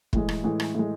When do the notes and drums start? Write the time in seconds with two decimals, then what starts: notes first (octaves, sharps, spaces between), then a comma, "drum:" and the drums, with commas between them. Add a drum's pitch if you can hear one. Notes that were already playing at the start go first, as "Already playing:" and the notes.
0.13 A2 E3 G#3, drum: kick
0.29 drum: rim click
0.44 A2 E3 G#3
0.60 drum: rim click
0.75 A2 E3 G#3